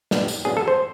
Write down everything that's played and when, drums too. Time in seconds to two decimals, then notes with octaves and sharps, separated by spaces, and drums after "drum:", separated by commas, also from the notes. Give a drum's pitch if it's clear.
0.11 A#2 G3 B3 D4, drum: snare
0.28 drum: tambourine
0.45 A2 F#3 B3 D4 G#4
0.57 A4
0.68 C5